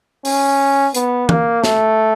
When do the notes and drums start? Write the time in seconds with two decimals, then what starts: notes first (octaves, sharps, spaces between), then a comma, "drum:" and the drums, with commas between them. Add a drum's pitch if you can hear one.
0.25 C#4, drum: open hi-hat
0.94 B3, drum: hi-hat
1.29 A#3, drum: tom E3
1.64 A3, drum: snare